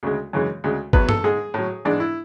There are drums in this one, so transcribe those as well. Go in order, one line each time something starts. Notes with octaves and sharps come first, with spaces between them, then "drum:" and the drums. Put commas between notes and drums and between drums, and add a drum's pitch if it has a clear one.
D2 C#3 G#3
F#2 C#3 E3 G#3
D2 C#3 G#3
E2 B2 F#3 B4, drum: kick G1
A4, drum: tom G2
G#2 G#3 G#4
A2 F#3
G#2 E3 G#3 D4
E4